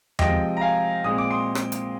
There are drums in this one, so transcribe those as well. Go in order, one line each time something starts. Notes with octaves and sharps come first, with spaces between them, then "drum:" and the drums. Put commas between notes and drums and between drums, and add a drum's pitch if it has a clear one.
C3 F3 G#3 C4 D#5 G5, drum: tom E2
A#5
F5 G#5
A#2 G#3 C4 D#6
D6
C6 D#6
drum: rim click
drum: hi-hat